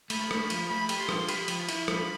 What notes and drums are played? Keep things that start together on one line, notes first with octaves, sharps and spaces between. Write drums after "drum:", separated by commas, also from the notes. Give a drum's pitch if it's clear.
A3 B5, drum: cymbal
A3, drum: rim click
F3, drum: cymbal
A3 B5
G4, drum: cymbal
C6
F3, drum: rim click
G4 B5, drum: cymbal
F3, drum: cymbal
E4, drum: cymbal
F3, drum: rim click